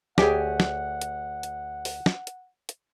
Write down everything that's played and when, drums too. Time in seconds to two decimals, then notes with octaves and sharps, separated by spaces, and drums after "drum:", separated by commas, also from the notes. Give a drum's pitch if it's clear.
0.18 D2 G4 G#4 C#5 F#5 G#5 D6, drum: snare
0.60 drum: snare
1.02 drum: hi-hat
1.43 drum: hi-hat
1.85 drum: open hi-hat
2.06 drum: snare
2.27 drum: hi-hat
2.69 drum: hi-hat